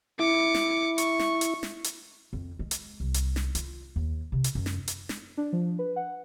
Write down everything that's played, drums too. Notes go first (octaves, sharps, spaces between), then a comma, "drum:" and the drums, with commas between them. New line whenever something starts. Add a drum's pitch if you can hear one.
E4 D6 C#7
drum: snare
C#6, drum: hi-hat
drum: snare
drum: hi-hat
drum: snare
drum: hi-hat
F2
G#3
drum: hi-hat
C2
drum: hi-hat
drum: snare
F4, drum: hi-hat
D#2
C3
drum: hi-hat
F#2
drum: snare
drum: hi-hat
drum: snare
D4
F3
B4
F#5